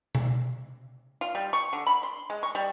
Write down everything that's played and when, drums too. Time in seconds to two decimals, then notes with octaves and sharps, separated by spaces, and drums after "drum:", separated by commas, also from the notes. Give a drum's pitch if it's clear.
0.15 drum: tom B2
1.21 F4
1.35 G3
1.53 C#6
1.73 D3
1.87 B5
2.03 C6
2.30 G#3
2.43 C#6
2.55 G3